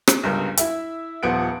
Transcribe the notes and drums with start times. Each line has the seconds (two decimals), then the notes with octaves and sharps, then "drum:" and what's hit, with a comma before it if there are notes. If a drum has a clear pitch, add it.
0.07 drum: rim click
0.23 G1 C#2 G2 A#4
0.57 E4 E5, drum: hi-hat
1.23 D#1 F3 B3 F#5 F#6 D7